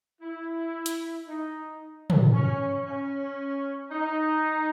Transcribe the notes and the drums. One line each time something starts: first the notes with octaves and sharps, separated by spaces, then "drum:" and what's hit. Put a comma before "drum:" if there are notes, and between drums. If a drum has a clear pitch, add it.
E4
drum: hi-hat
D#4
drum: tom
C#4
C#4
D#4